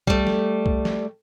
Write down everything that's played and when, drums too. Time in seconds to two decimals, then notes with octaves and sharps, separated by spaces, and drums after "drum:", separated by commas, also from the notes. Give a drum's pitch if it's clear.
0.07 G3 A3, drum: kick C2
0.27 drum: snare
0.66 drum: kick C2
0.85 drum: snare